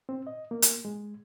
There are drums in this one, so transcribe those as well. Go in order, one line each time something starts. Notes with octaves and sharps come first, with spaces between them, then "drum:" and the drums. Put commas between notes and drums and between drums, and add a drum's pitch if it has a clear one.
C4
D#5
A#3
drum: hi-hat
G#3